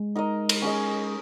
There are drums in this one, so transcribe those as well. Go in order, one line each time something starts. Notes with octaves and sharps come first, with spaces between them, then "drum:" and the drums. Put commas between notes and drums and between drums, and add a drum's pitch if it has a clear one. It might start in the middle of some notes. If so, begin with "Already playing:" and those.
Already playing: G#3
D#4 A#4 D#5
drum: cymbal
C#4 G#4 D#5